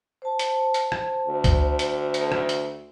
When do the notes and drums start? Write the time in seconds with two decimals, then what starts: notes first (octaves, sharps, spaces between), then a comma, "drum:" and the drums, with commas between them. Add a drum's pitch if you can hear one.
0.22 C5 A5
0.39 drum: hi-hat
0.74 drum: hi-hat
0.92 drum: rim click
1.27 D2
1.44 drum: kick C#2, hi-hat
1.79 drum: hi-hat
2.14 drum: hi-hat
2.32 drum: rim click
2.49 drum: hi-hat